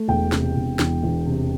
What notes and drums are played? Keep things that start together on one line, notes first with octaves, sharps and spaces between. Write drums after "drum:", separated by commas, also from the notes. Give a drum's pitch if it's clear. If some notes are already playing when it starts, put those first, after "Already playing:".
Already playing: A3
E1 G5
C3, drum: snare
E1
E2, drum: snare
E1
C3